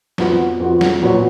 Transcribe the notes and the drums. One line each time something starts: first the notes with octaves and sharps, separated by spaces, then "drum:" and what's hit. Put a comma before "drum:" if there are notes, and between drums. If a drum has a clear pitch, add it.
F2 F3 B3 F#4, drum: snare
F2 F3 B3 F#4
drum: snare
A#2 F#3 B3 F#4 C#5